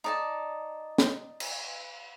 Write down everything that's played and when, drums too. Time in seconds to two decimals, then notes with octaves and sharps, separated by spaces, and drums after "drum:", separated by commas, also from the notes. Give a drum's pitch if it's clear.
0.04 D#4 D5 A5
0.98 drum: snare
1.40 drum: cymbal